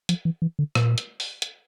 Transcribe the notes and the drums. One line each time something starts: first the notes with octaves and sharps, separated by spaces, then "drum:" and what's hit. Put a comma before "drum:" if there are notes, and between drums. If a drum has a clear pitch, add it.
F3, drum: hi-hat
E3
E3
D3
A#2, drum: rim click
drum: hi-hat
drum: open hi-hat
drum: hi-hat